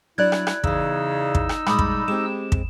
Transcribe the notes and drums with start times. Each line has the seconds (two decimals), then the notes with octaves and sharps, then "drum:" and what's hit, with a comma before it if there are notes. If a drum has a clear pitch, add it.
0.18 F#3 D4 E4 D5 F#6 G#6
0.32 drum: rim click
0.47 drum: rim click
0.64 E2 C#3 E3 D#4 E6, drum: kick
1.35 drum: kick
1.49 drum: rim click
1.66 A#2 G3 G#3 B5 D6 D#6, drum: rim click
1.79 drum: kick
2.08 G#3 C4 G4 E7
2.52 drum: kick